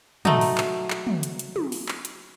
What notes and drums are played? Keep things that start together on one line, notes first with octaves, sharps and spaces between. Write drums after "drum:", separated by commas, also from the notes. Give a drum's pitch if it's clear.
F#3 A3 D#4, drum: tom
drum: open hi-hat
drum: clap
drum: clap
drum: tom
drum: hi-hat
drum: hi-hat
drum: tom
drum: open hi-hat
drum: clap
drum: hi-hat